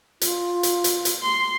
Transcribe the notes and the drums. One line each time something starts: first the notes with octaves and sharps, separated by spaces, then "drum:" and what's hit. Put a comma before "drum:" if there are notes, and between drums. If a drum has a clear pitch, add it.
F4, drum: hi-hat
drum: hi-hat
drum: hi-hat
drum: hi-hat
C6